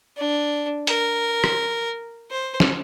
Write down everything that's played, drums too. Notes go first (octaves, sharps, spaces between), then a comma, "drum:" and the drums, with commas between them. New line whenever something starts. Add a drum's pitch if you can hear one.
D4
A#4, drum: hi-hat
drum: rim click
C5
drum: snare